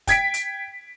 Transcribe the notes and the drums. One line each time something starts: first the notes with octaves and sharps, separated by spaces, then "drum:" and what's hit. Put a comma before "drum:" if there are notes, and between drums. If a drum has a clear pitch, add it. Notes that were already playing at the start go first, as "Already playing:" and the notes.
G5 G#6 B6 D7, drum: kick, hi-hat
drum: hi-hat